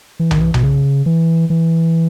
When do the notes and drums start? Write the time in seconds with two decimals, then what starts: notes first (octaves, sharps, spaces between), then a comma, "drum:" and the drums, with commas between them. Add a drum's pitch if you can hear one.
0.20 E3
0.31 D#3, drum: tom B1
0.41 E3
0.54 B2, drum: tom B1
0.63 C#3
1.06 E3
1.50 E3